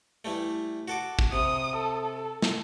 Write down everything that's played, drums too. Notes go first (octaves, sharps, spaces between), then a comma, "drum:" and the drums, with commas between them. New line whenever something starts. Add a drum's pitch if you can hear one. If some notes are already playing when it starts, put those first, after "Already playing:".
E3 G3 A3
F#4 A4 D6
drum: kick
C3 D#6
A4
drum: snare